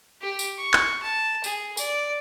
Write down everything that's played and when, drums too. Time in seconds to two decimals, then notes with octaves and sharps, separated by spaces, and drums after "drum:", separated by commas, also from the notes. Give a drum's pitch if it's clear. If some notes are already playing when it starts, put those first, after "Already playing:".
0.22 G4
0.39 drum: tambourine
0.59 C#6
0.73 drum: clap
1.02 A5
1.44 G#4, drum: tambourine
1.77 D5, drum: tambourine